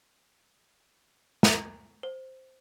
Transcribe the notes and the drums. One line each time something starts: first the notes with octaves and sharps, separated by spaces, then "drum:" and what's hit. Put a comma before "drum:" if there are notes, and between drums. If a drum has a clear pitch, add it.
A#5, drum: snare
C5